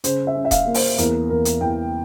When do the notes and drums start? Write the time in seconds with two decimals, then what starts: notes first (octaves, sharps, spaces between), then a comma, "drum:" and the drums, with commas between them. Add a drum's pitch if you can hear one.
0.04 C#3 C5, drum: hi-hat
0.27 E5
0.35 C#4
0.45 E5
0.51 F5, drum: kick D#1, hi-hat
0.66 A#3
0.74 C5, drum: open hi-hat
0.98 E2 A#4, drum: hi-hat
1.30 E2 A#4
1.45 drum: hi-hat
1.61 E2 G5